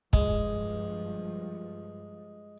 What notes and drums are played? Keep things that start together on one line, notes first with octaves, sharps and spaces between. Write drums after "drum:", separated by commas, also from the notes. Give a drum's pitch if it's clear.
G2 F3 G#3, drum: kick